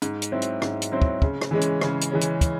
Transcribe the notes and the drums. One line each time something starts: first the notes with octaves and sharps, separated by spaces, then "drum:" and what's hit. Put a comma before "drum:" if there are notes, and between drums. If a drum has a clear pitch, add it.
G#2, drum: hi-hat
drum: hi-hat
F#3 C4 E4 C5
drum: hi-hat
G#2, drum: rim click
drum: hi-hat
F#3 C4 E4 C5
drum: kick
C#3, drum: kick
drum: rim click
E3 G#3 C#4
drum: hi-hat
C#3, drum: rim click
drum: hi-hat
E3 G#3 C#4
drum: hi-hat
drum: kick, hi-hat